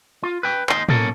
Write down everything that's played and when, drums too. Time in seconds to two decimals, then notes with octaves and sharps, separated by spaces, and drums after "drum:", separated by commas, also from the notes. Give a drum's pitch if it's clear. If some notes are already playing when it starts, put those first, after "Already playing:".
0.23 F4
0.43 B4 G5
0.69 D#2 D#4 C6, drum: clap
0.89 B1 A#3 C#4 A4, drum: tom A2